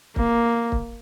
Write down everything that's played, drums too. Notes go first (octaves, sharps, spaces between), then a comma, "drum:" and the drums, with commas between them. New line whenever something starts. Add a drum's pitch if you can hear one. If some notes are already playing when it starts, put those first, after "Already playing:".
A#3, drum: kick
drum: kick